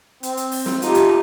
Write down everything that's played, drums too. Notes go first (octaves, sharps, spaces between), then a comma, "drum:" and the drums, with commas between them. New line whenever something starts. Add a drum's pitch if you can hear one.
C4, drum: hi-hat
drum: hi-hat
drum: open hi-hat
drum: snare
A3 B3 D#4 F4 G4, drum: hi-hat
drum: hi-hat